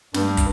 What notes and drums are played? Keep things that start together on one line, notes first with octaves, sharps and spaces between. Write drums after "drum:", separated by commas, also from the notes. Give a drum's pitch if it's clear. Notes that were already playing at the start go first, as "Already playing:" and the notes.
G2, drum: snare
drum: kick, hi-hat